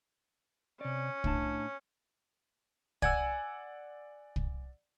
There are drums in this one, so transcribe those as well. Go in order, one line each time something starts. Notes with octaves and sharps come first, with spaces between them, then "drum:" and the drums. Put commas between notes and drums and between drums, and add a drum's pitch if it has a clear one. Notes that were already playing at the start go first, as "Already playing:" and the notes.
C3 C#4 D5
A2 D4 A5, drum: kick
D5 F#5 G#5 E6, drum: kick
drum: kick